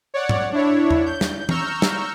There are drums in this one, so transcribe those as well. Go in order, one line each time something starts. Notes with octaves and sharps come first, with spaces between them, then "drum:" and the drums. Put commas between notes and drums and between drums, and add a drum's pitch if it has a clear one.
C#5 D5 F#5
drum: tom G#2
D4 E4 C#5
drum: tom E2
G6
drum: snare
A#5 C#6 E6 F6 G6, drum: tom
drum: snare